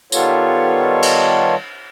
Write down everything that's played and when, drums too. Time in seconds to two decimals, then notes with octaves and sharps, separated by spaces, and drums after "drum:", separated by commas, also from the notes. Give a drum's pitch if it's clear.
0.12 D#3 G3 B3 F4 A4 C#5, drum: tambourine
1.02 drum: cymbal